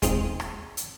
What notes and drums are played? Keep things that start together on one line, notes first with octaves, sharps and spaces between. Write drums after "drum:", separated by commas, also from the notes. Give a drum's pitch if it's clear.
G#3 C4 D#4, drum: kick D#2, hi-hat
drum: rim click
drum: hi-hat